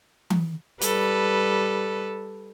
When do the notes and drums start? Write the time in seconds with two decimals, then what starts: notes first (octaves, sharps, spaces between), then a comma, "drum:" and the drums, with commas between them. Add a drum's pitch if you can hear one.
0.30 drum: tom E3
0.81 G3 A4 B4, drum: hi-hat